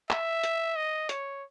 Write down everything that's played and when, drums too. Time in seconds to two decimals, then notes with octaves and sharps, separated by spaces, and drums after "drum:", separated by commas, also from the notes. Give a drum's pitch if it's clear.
0.10 E5, drum: clap
0.44 drum: hi-hat
0.76 D#5
1.09 C#5, drum: hi-hat